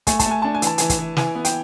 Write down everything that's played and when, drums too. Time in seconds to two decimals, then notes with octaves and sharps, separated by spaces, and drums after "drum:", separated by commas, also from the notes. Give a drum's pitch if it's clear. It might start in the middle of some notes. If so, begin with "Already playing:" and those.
0.07 A3 G#5, drum: kick, hi-hat
0.19 A5, drum: kick, hi-hat
0.26 A3
0.31 G#5
0.42 D4 A5
0.55 G#5
0.62 E3 A5, drum: hi-hat
0.78 E3 G#5, drum: hi-hat
0.89 drum: kick, hi-hat
0.99 E3
1.17 E3 G#5, drum: snare
1.35 B3
1.45 G5, drum: hi-hat